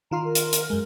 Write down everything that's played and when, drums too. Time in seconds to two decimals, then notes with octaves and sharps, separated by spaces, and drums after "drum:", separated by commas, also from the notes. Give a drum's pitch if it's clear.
0.11 D#3 F4 A#5 C6
0.25 A#4
0.35 drum: hi-hat
0.53 drum: hi-hat
0.70 F#2 G#3